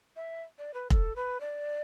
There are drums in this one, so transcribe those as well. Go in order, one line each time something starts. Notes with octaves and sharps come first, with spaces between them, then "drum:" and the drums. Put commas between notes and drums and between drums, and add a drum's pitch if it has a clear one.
E5
D5
B4
A4, drum: kick
B4
D5